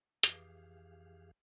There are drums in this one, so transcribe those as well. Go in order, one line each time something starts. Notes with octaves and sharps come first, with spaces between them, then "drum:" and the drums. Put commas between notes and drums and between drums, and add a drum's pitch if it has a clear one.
F2 E3 G4 G#4 F5, drum: hi-hat